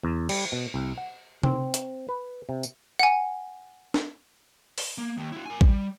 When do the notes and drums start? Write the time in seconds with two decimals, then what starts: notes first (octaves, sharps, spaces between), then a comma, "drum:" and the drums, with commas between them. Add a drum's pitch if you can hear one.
0.03 E2
0.29 G3, drum: cymbal
0.52 B2
0.74 C2
0.98 F#5
1.43 C4, drum: tom
1.74 drum: hi-hat
2.09 B4
2.49 C3
2.63 drum: tambourine
2.99 F#5 G#5
3.94 drum: snare D4
4.78 drum: open hi-hat
4.98 A#3
5.17 D#2
5.32 E4 F#4
5.46 A#4 G#5
5.61 G3, drum: kick A1